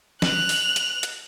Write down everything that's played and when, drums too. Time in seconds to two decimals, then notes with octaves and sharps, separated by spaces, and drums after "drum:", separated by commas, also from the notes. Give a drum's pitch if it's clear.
0.22 F#6 F7, drum: snare
0.49 drum: open hi-hat
0.76 drum: hi-hat
1.03 drum: hi-hat